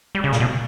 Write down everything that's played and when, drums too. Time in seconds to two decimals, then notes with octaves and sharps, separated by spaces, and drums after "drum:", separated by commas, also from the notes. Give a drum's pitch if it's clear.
0.15 G3
0.24 C#3
0.32 A#2, drum: snare
0.40 B2